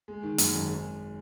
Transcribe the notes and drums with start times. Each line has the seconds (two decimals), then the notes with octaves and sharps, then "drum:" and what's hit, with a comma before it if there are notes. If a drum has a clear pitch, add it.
0.08 G#3
0.23 D#3
0.38 F#2, drum: hi-hat
0.54 G#1
0.69 G#3